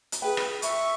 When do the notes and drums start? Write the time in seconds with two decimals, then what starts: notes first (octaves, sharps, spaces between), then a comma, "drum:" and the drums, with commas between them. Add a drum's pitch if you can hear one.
0.12 drum: hi-hat
0.22 F4 G#4 B4 G5
0.37 drum: rim click
0.62 E5 C#6, drum: hi-hat